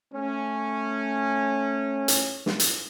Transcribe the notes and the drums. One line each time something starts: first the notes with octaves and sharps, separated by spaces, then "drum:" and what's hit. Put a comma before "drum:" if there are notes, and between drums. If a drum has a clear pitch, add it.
A3 C#4
drum: hi-hat
drum: snare
drum: hi-hat